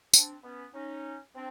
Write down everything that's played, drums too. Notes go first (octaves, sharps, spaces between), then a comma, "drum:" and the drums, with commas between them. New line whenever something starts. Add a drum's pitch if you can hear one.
C4 D4, drum: tambourine
B3 C#4
C#4 D#4
C4 D4